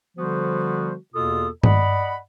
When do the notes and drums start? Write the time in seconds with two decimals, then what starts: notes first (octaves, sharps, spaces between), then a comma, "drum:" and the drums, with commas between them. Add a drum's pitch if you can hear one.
0.18 D3 F3 G3 B3 F#4 C5
1.14 E2 B2 A#3 F4 A4 D#6
1.63 D5 D#5 F#5 B5, drum: tom G2